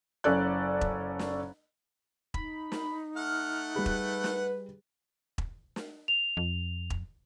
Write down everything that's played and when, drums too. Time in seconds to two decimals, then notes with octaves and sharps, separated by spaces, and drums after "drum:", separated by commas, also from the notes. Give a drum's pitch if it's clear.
0.24 F#1 C#4 A4 D5 F#6
0.81 drum: kick E1
1.19 drum: snare
2.34 D#4 B5, drum: kick E1
2.72 drum: snare
3.16 A3 F#5 F6
3.76 G3 G4 G#4 B4
3.86 drum: kick E1
4.24 drum: snare
5.38 drum: kick E1
5.76 drum: snare
6.08 F7
6.37 F2
6.90 drum: kick E1